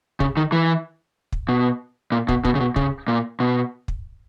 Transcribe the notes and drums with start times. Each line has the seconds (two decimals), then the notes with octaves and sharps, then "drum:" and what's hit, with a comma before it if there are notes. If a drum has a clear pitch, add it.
0.20 C#3, drum: kick
0.37 D#3
0.52 E3
1.32 drum: kick
1.49 B2
2.12 A#2
2.28 B2, drum: kick
2.45 B2, drum: kick
2.55 C#3
2.60 B2
2.76 C#3, drum: kick
3.08 A#2
3.40 B2
3.88 drum: kick